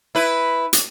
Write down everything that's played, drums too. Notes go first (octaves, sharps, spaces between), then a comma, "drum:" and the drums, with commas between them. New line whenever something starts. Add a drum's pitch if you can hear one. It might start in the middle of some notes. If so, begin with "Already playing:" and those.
E4 B4
drum: hi-hat